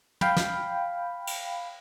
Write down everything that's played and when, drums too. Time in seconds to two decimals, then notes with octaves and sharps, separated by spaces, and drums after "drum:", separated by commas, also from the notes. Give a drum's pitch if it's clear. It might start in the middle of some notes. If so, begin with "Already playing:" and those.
0.21 F5 G5 B5, drum: tom
0.37 drum: snare
1.27 drum: cymbal